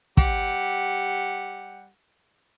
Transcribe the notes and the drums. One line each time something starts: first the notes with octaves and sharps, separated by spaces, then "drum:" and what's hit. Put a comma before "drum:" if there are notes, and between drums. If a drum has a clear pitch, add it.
G3 G4 F#5, drum: kick